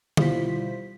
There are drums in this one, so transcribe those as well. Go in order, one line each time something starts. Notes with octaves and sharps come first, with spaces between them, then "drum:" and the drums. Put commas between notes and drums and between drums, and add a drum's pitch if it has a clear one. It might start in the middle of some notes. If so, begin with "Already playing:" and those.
B2 G3 E4 F4 C5 B6, drum: tom